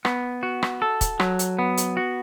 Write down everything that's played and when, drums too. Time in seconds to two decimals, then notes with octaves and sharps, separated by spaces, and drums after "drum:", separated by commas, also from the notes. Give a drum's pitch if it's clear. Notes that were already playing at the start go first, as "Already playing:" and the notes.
0.05 B3, drum: rim click
0.43 F#4
0.63 drum: rim click
0.82 A4
1.01 drum: kick, hi-hat
1.20 F#3, drum: rim click
1.39 drum: hi-hat
1.59 B3
1.78 drum: hi-hat
1.97 F#4